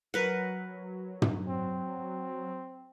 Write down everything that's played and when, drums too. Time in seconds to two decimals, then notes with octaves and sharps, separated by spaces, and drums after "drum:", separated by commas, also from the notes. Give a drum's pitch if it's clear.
0.14 F#3 A#4 B4 F#5
1.22 drum: tom
1.47 C4